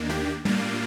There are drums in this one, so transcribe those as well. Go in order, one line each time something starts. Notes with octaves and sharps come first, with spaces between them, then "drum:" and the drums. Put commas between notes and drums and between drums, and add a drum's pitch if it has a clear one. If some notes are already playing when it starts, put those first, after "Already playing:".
Already playing: D#2 D#3 A#3 D4
G4, drum: snare
A2 G3 A#3 D4 F4, drum: tom